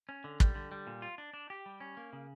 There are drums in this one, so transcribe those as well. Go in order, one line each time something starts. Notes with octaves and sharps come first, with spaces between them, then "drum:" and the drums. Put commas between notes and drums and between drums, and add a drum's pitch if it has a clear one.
C#4
D3
G3, drum: kick
D3
G3
A#2
F4
D4
D4
G4
G3
C#4
A#3
C#3